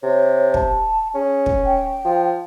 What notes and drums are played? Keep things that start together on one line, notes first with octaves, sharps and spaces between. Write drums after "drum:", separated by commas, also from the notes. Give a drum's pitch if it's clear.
C3 C#5
A5, drum: kick
C#4 G#4
drum: kick
G5
F3